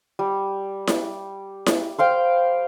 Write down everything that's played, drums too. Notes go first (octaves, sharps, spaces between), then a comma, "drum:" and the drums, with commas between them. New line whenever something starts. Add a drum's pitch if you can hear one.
G3
drum: snare E4
drum: snare E4
C5 F5 G5